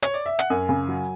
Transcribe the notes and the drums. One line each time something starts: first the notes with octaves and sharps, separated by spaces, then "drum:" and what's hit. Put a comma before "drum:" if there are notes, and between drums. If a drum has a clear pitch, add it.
C#5, drum: hi-hat
D5
E5
F#5, drum: hi-hat
F#2 G#5
C#3
F#3